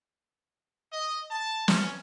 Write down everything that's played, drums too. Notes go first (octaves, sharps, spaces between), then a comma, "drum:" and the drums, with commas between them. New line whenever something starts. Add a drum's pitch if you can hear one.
D#5
A5
C#4, drum: snare